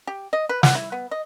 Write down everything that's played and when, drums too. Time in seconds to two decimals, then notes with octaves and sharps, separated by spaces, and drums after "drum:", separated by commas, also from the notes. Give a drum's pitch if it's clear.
0.07 G4
0.33 D#5
0.49 B4
0.63 F#5, drum: snare
0.75 E4
0.92 B3
1.11 D#5